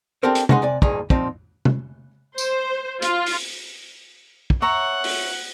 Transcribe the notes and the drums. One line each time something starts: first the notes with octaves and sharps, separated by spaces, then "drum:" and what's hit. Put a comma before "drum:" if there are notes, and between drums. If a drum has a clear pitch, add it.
C4 D4 G4 A4 A#4 C5
drum: hi-hat
C#3 G#3 D#4 F#5 C6, drum: tom
C3 D5 G#5
D2 G2 A#2 D#4 G#4, drum: kick
A#2 F3 C4 D#4, drum: kick
drum: tom
C5, drum: tambourine
F4, drum: hi-hat
drum: open hi-hat
drum: kick
C#5 E5 F#5 A#5
drum: open hi-hat